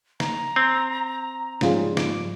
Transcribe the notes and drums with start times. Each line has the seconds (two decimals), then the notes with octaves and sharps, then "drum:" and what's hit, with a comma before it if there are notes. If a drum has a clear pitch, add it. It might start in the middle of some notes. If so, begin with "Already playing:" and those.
0.20 A#5, drum: snare
0.56 C4
1.61 G#2 F3 G3 C#4 F4 G#4, drum: snare
1.97 D6, drum: snare